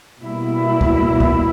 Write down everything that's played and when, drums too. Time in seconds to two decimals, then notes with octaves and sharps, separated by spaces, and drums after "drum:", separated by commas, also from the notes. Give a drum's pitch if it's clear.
0.22 B2 G3 A#3 E4
0.81 drum: kick C#2
1.20 drum: kick C#2